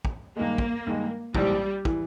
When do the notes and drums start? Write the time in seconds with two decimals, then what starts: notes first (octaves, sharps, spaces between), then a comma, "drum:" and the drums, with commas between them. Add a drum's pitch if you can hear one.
0.05 drum: kick
0.37 G2 D#3 G#3 A#3
0.58 drum: kick
0.87 G2 D#3 G#3
1.35 A#1 G#2 E3 G3, drum: kick
1.85 E3, drum: kick